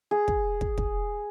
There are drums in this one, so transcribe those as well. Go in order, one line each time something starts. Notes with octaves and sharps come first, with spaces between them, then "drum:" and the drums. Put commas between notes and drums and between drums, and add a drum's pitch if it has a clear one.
G#4
drum: kick
drum: kick
drum: kick